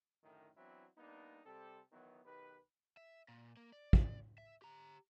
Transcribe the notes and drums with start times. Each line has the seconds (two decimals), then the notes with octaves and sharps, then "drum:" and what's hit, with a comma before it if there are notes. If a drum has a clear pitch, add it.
0.23 F#2 A2 D3 D#3
0.57 E3 F#3 B3 C4 D4 E4
0.98 G3 A#3 B3 D4 D#4
1.46 C3 G3 C4 G4 A4
1.92 D#3 E3 F#3 B3
2.25 B1 D#3 G4 B4
2.97 E5
3.28 A#2
3.57 A#3
3.73 D5
3.93 drum: kick
4.38 E5
4.62 G4 A#5